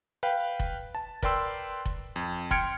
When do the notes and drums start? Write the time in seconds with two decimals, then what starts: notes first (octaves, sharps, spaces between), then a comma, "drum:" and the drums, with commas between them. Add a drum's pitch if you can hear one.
0.23 B4 F5 G5
0.59 drum: kick F1
0.95 A5
1.22 A#4 B4 D5 G5 C6 E6, drum: kick F1
1.85 drum: kick F1
2.16 F2
2.51 G5 C6 F6 G#6 C#7 D7, drum: kick F1